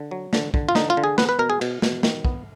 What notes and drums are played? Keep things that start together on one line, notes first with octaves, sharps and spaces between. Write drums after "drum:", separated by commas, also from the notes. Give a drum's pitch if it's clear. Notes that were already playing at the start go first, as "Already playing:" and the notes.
Already playing: D3
F#3
D3, drum: snare
D3, drum: kick
F4
D3 D#4, drum: snare
F4
D3
G#4
B3 B4, drum: snare
B4
B2 A#4
G#4
B2, drum: cymbal
B2, drum: snare
D#3, drum: snare
B3, drum: kick